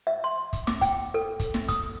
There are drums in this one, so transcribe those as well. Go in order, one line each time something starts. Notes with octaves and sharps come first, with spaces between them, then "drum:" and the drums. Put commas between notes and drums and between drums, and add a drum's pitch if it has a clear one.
E5
C6
drum: kick, hi-hat
D6, drum: snare
G5, drum: kick, hi-hat
A4
drum: kick, hi-hat
drum: snare
D#6, drum: kick, hi-hat